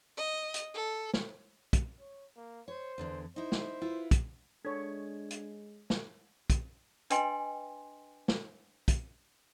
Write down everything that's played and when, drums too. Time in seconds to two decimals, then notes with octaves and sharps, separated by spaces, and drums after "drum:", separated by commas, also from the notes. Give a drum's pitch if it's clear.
0.17 D#5
0.54 drum: hi-hat
0.74 A4
1.14 drum: snare
1.73 drum: kick, hi-hat
2.00 C#5
2.36 A#3
2.68 C5 C#5
2.98 E2 D3 E3
3.36 D#4 E4 C5
3.52 drum: snare
3.82 E4 F4 B4
4.11 drum: kick, hi-hat
4.65 G#3 D4 A4 C#5 G#6
5.30 drum: hi-hat
5.90 drum: snare
6.50 drum: kick, hi-hat
7.10 D4 B4 D#5 G5 G#5 C6, drum: hi-hat
8.28 drum: snare
8.88 drum: kick, hi-hat